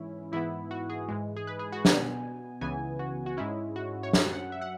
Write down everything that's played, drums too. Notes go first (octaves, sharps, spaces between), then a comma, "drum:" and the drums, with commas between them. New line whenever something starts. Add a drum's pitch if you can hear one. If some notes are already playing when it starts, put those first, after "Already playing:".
Already playing: G#2 E3 C#4 E4
G#2 E3 B3 E4
F#4
G#4
G#2 E3 G#3
G#4
B4
G#4
F#4
B2 B3 G#5, drum: snare
C#2 C#3 E3 B3 G#5
F#4
F#4
G#2 G#3 C#4 E4
F#4
C#5
F#2 F#3 C#4 E5, drum: snare
F#5
E5
F#5